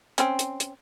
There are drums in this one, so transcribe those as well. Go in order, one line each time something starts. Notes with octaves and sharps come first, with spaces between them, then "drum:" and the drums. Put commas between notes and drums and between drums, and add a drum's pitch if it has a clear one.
C4 C#4, drum: hi-hat
drum: hi-hat
drum: hi-hat